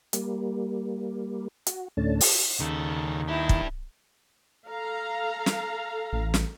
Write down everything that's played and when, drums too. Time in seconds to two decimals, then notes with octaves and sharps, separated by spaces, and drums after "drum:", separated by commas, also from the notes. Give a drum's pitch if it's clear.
0.13 G3 A#3, drum: hi-hat
1.67 F#4, drum: hi-hat
1.97 D2 A2 A3 C#4 D4 A5
2.21 drum: open hi-hat
2.60 D#2 C#3 A4
3.28 D4 E4 G4
3.49 drum: kick
4.67 A4 F5 A#5
5.46 drum: snare
6.13 A1
6.34 drum: snare